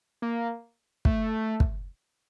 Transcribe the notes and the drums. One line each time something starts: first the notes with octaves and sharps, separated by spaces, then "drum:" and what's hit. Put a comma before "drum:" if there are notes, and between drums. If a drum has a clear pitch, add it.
A#3
A3, drum: kick
drum: kick